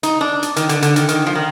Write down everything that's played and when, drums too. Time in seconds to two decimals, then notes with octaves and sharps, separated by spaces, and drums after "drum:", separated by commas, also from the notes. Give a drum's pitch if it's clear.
0.03 D#4, drum: hi-hat
0.21 D4
0.43 drum: hi-hat
0.56 D#3, drum: hi-hat
0.69 D3, drum: hi-hat
0.82 D3, drum: hi-hat
0.96 D#3, drum: hi-hat
1.09 D#3, drum: hi-hat
1.27 F3
1.35 D#3